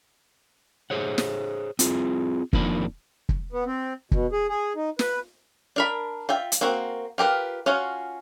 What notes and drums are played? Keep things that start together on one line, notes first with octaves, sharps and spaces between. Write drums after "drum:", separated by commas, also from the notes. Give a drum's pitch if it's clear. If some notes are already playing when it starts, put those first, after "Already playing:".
G#4 C5 C#5 F#5
drum: snare
C4 F4 G#4, drum: hi-hat
F2 D#3 F3 A#3 D4 B5, drum: kick
drum: kick
B3
C4
B2, drum: kick
G#4
G#4
D#4
B4, drum: snare
D4 A#4 B5
F4 E5 G5
drum: hi-hat
A#3 C4 F#4
F4 G4 A#4 B4
C#4 F4 F#4